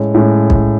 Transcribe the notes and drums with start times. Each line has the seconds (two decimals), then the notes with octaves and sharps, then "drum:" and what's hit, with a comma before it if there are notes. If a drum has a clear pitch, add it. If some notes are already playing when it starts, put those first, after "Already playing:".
Already playing: A2 G#3 C#4
0.14 A2 G#3 C#4
0.50 drum: kick B1